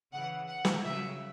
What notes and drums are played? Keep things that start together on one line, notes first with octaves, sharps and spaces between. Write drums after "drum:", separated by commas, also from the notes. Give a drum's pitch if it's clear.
C#3 E3 F#5
F#5
drum: snare
C#3 F#3 E5